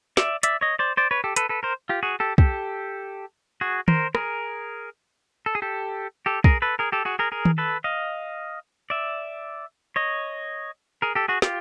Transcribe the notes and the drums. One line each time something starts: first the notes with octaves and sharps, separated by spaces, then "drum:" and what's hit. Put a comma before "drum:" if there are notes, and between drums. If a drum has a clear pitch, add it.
D5 E5, drum: snare
D5 E5, drum: hi-hat
C#5 D#5
C5 D5
C5 D5
B4 C#5
G4 A4
A4 B4, drum: hi-hat
A4 B4
A#4 C5
F4 G4
F#4 G#4
G4 A4
G4 A4, drum: kick
F#4 G#4
A#4 C5, drum: tom D#3
G#4 A#4, drum: rim click
A4
G#4
G4 A4
G4 A4
G#4 A#4, drum: kick
A4 B4
G#4 A#4
G4 A4
F#4 G#4
G#4 A#4
G#4 A#4
drum: tom D#3
A4 B4
D#5 F5
D5 E5
C#5 D#5
G#4 A#4
G4 A4
F#4 G#4
F4 G4, drum: snare